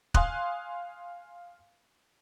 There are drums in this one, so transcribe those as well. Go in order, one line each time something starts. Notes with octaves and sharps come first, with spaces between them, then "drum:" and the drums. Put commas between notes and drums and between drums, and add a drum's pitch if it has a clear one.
F5 G#5 C6 D#6 F#6, drum: kick